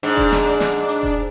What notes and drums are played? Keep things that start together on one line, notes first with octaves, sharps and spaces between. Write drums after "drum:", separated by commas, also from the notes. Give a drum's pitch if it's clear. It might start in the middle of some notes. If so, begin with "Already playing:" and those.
G#2 D4, drum: hi-hat
drum: kick E1
drum: snare
drum: snare
drum: hi-hat
drum: kick E1